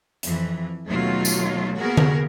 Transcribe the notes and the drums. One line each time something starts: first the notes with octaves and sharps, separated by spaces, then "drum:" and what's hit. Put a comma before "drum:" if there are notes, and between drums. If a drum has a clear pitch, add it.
F2 E3, drum: hi-hat
D#2 B2 F#3 A3 D#4 F4
drum: tambourine
A#3 B3 F#4 G#4 A#4
drum: tom D3